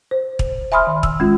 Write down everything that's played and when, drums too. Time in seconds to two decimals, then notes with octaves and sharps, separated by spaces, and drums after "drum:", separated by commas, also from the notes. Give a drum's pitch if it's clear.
0.11 C5
0.39 drum: kick
0.72 E5 G#5 B5 C6 D#6 F6
0.87 D#3
1.03 E6, drum: kick
1.20 G#3 C#4 F4